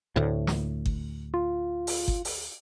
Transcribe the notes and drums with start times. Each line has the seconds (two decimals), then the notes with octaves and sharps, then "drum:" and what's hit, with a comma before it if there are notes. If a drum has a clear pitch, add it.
0.16 D2 A2
0.47 drum: snare
0.86 drum: kick G1
1.34 F4
1.87 drum: open hi-hat
2.08 drum: kick G1
2.25 drum: open hi-hat